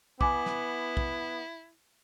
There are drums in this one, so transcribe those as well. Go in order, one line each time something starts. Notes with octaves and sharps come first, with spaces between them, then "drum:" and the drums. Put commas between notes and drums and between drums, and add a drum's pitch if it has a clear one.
B3 E4 G#5 D6, drum: kick
drum: snare
drum: kick